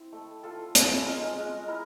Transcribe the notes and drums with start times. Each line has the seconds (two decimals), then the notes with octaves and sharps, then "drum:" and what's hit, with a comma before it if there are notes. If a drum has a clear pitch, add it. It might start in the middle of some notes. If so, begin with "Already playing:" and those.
Already playing: C4 E4
0.12 A3
0.43 F4 A4
0.75 C#4, drum: hi-hat
1.06 G#3 A#4
1.37 G#3
1.68 E4 A#4